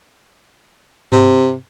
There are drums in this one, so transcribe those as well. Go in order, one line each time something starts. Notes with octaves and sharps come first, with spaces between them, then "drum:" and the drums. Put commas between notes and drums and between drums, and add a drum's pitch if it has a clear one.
C3, drum: tom G2